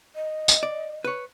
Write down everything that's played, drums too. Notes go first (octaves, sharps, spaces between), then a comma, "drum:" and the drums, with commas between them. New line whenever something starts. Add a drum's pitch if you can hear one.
D#5
drum: tambourine
D5
B4 C#5